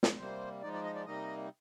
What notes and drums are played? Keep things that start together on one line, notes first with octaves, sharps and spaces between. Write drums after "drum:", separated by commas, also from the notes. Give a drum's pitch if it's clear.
drum: snare
C3 G3 A#3 C5
F3 G#3 D#4 D5
D5
D#5
D5
C3 G3 A#3 D#4 D#5